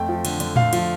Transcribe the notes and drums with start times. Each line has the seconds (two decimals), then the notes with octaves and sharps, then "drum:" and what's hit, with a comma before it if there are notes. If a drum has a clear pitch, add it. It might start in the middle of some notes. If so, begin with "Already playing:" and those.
Already playing: F2 A3 G5
0.09 F3
0.25 D3, drum: cymbal
0.40 D3, drum: cymbal
0.56 A3 F5, drum: tom A2
0.73 F3, drum: cymbal